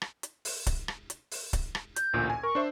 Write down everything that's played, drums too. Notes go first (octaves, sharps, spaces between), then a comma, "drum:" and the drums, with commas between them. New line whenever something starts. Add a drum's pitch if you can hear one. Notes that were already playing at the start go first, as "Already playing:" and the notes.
drum: rim click
drum: hi-hat
drum: open hi-hat
drum: kick C#1, hi-hat
drum: rim click
drum: hi-hat
drum: open hi-hat
drum: kick C#1, hi-hat
drum: rim click
G6, drum: hi-hat
A1 D2 A#2
G#5
A#4 C#6
D4 C5 E5